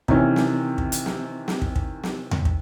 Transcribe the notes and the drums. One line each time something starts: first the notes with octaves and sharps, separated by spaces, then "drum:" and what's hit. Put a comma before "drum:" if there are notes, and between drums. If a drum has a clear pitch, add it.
C3 D#3 E3 C#4, drum: kick
drum: snare
drum: kick
drum: hi-hat
drum: snare
drum: snare
drum: kick
drum: kick
drum: snare
drum: tom E2
drum: kick